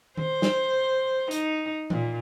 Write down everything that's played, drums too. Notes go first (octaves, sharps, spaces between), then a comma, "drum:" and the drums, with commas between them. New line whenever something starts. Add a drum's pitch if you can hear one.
C5, drum: tom D#3
drum: snare
D#4, drum: hi-hat
A#2, drum: tom E3